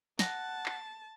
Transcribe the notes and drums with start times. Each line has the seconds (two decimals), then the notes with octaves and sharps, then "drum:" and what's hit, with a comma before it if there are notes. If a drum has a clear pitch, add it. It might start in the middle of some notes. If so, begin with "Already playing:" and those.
0.19 F#5 A5 A#6, drum: snare
0.66 drum: clap